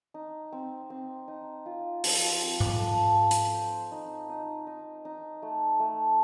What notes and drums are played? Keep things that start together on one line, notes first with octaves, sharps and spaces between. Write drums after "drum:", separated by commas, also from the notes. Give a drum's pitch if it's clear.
D#4
C4
C4
D#4
F4
F3, drum: open hi-hat
C4
drum: tom G#2
A4
A4
drum: hi-hat
C5
D#4
D#4
D#4
D#4
A3
A3